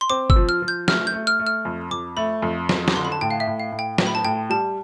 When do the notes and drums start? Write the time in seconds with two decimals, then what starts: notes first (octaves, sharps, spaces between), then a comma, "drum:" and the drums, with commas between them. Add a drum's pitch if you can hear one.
0.01 C6
0.10 C4 D6
0.30 E6, drum: kick
0.36 F3
0.49 F6
0.62 F3
0.68 G6
0.88 A3 F6, drum: snare
1.07 G6
1.14 A3
1.27 F6
1.40 A3
1.47 F6
1.65 F2
1.91 F2 D6
2.17 A3 B5
2.42 F2
2.69 F2, drum: snare
2.88 D6, drum: snare
2.95 D3 C6
3.05 B5
3.12 A5
3.21 A2 G5
3.31 F5
3.40 E5
3.47 A2
3.60 F5
3.72 A2
3.79 G5
3.98 A2, drum: snare
4.07 B5
4.15 A5
4.24 A2 G5
4.50 G3 A5